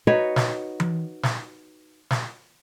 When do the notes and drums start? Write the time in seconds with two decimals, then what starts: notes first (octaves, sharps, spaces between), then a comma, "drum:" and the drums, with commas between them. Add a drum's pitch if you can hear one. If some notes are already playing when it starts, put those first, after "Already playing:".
0.07 D#4 F#4 B4 C#5
0.36 drum: snare
0.80 drum: tom E3
1.23 drum: snare
2.10 drum: snare